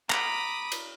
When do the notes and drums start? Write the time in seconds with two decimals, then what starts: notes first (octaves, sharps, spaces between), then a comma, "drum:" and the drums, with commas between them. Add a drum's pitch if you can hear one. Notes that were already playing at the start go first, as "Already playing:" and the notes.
0.10 A#5 B5 D6 D#6, drum: clap
0.72 drum: cymbal